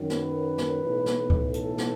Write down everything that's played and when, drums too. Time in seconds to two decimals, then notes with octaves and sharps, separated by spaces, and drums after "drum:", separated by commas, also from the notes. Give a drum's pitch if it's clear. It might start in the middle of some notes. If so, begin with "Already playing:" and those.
Already playing: F#2 D#3 F#3
0.10 B4, drum: snare
0.58 drum: snare
0.82 B1 A2 E3
1.06 drum: snare
1.30 drum: kick C#2
1.54 A4, drum: hi-hat
1.78 drum: snare